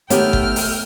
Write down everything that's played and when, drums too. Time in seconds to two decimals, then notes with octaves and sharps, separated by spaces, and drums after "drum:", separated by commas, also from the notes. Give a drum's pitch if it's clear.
0.10 D#3 A3 B3 G4 C#5 G5 F6, drum: hi-hat
0.33 drum: kick G1
0.56 drum: open hi-hat